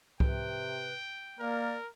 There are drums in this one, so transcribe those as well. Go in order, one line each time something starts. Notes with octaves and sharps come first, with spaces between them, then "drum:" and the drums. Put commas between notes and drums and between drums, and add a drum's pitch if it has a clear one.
C3 B4 G5, drum: kick C2
A#3 A#4 D5